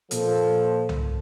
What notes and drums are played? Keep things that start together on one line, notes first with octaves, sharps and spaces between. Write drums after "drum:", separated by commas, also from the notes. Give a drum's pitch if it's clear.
A#2 F3 A4, drum: hi-hat
drum: tom C2